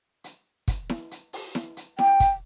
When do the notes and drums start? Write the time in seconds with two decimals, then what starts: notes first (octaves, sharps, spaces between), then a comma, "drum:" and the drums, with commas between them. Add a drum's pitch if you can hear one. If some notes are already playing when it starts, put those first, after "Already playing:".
0.24 drum: hi-hat
0.68 drum: kick, hi-hat
0.90 drum: snare E4
1.11 drum: hi-hat
1.33 drum: open hi-hat
1.55 drum: snare E4
1.77 drum: hi-hat
1.99 G5, drum: snare E4
2.20 drum: kick, hi-hat